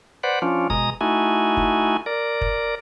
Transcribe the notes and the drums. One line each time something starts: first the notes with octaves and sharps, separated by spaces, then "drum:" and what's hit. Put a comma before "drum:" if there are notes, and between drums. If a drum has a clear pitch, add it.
B4 C5 D5 F#5
F3 C#4 D4 F4
B2 G#3 A#5 D#6, drum: kick
A3 D#4 E4 F#4 G#5
drum: kick
A#4 D5
drum: kick